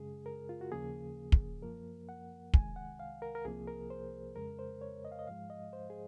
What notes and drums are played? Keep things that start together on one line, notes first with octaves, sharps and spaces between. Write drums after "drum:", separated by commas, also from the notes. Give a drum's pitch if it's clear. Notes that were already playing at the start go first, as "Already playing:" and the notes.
Already playing: F#2 C#3 G#3 G#4
A#4
F4
F#4
D#2 C#3 F3 A#3 G#4
drum: kick
F#2 F3 A#3 A#4
F#5
C2 C3 D#3 G#3 G#5, drum: kick
F#5
F5
A#4
A#4
C2 C3 F3 A#3 G#4
A#4
C5
F2 C#3 G#3 A#4
C5
C#5
D#5
F5
D#5
G#2 F3 G#3 F5
D#5
C5
G#4